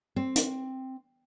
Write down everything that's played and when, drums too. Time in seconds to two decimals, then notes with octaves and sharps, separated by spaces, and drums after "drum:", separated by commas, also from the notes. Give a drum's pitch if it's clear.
0.16 C4
0.36 drum: hi-hat